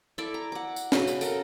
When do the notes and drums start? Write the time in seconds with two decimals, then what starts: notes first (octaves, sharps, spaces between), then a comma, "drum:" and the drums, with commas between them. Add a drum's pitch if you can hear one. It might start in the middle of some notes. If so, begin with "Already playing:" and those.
0.18 E4 A4 D5 E5
0.34 A#5
0.52 F#5 D6
0.76 drum: tambourine
0.92 C#3 F#4 B4, drum: snare
1.08 drum: tambourine
1.21 A4 A#4, drum: tambourine